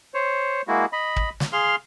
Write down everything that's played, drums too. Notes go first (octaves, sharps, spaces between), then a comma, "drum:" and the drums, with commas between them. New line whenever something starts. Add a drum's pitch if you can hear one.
C5 C#5
G#3 A#3 E4 F#4
D#5 B5
drum: kick
drum: snare
G#4 F5 C6 F6